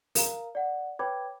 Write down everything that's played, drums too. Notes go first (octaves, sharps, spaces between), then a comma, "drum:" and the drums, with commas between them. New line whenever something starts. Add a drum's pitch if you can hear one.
A#4 F5 A#5, drum: open hi-hat
D5 F#5
B4 C#5 G5 B5 D6 G#6